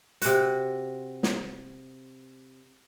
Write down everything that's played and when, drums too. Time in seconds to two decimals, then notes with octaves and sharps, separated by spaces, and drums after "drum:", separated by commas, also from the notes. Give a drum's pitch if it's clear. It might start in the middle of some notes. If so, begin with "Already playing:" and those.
0.22 C3 F#4, drum: hi-hat
1.23 drum: snare